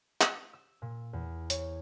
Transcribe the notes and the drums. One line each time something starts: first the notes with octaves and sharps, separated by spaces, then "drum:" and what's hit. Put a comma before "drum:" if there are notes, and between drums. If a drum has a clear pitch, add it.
D#6, drum: clap
E6
A#2
E2
C#5, drum: hi-hat